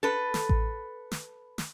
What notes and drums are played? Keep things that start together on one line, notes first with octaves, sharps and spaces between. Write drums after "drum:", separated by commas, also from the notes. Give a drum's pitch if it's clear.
A4 B4
drum: snare
drum: kick A1
drum: snare
drum: snare